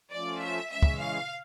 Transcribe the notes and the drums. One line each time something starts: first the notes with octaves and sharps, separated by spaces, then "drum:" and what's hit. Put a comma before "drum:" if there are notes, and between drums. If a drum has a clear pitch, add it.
F3 A3 C#4 F4 D5
E5
E3 G#3 C#4 E5
drum: kick
F5